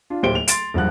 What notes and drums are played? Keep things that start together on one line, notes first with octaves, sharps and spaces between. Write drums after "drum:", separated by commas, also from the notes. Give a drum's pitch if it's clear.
D4 F4
D1 D#2 G4 C5 D7 G7
F7
C6 A6 D7, drum: hi-hat
F#1 G2 F3 F#5 F#6